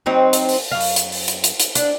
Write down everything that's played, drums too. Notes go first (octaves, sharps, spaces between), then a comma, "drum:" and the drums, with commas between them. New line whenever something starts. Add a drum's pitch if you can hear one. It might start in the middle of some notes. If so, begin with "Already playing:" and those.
F#3 C4 D#4
drum: hi-hat
drum: open hi-hat
F#2 F5
drum: open hi-hat
drum: hi-hat
drum: open hi-hat
drum: hi-hat
drum: hi-hat
drum: hi-hat
D4, drum: hi-hat